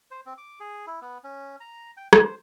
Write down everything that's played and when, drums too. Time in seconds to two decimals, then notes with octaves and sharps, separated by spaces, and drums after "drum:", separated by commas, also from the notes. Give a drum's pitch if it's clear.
0.11 C5
0.26 C4
0.38 D6
0.60 G#4
0.87 E4
1.02 B3
1.24 C#4
1.60 A#5
1.97 G5
2.13 C5, drum: rim click